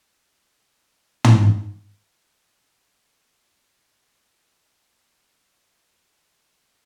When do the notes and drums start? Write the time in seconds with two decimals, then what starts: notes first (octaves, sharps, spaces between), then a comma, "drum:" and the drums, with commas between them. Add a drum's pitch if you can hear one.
0.12 F#2 G3 C#5
0.85 A#5
1.24 drum: tom
3.49 C#5 F5 G5 A#5 C#6 D6
4.68 G#3
5.37 B3 C#4
6.39 G3